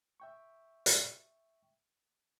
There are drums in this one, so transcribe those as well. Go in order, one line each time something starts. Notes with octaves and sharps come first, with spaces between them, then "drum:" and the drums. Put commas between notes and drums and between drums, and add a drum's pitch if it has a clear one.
E5 G5 C#6
drum: hi-hat